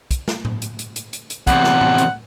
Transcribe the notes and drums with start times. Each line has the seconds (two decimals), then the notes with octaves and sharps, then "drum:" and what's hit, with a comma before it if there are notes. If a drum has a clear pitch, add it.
0.11 drum: kick, hi-hat
0.28 drum: snare
0.45 drum: tom A2
0.62 drum: hi-hat
0.79 drum: hi-hat
0.96 drum: hi-hat
1.13 drum: hi-hat
1.30 drum: hi-hat
1.47 E2 C3 F#5, drum: kick, hi-hat
1.64 drum: snare
1.81 drum: tom A2
1.98 drum: hi-hat